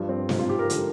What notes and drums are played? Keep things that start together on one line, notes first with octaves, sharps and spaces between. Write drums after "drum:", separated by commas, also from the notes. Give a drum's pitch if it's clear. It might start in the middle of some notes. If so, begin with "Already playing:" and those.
Already playing: G2 F3
C4
G#2 F3, drum: snare
F4
G4
A#4
D3 F3, drum: hi-hat